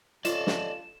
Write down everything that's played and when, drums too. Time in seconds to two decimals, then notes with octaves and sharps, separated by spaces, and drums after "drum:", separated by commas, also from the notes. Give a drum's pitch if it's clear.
0.25 C3 C#4 F4 A4 D5 D#5 E7, drum: hi-hat
0.47 drum: snare